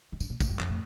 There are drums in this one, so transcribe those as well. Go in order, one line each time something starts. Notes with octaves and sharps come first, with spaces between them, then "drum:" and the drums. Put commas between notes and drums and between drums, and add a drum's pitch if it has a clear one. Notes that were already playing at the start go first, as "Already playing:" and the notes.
D#3
D3, drum: tambourine
A#2
A2, drum: kick, tambourine
G2
F2, drum: clap
A2